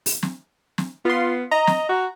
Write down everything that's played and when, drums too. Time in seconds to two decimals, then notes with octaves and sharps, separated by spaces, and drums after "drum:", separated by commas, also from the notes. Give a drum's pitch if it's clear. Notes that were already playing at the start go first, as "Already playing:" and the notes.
0.06 drum: open hi-hat
0.23 drum: snare
0.78 drum: snare
1.05 B3 F4 C6
1.51 D#5 A#5
1.67 drum: snare
1.89 F#4